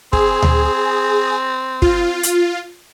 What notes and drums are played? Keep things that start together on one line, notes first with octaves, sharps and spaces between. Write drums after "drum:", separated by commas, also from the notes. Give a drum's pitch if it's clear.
C4 G#4, drum: kick
drum: tom D2
F4, drum: kick
drum: hi-hat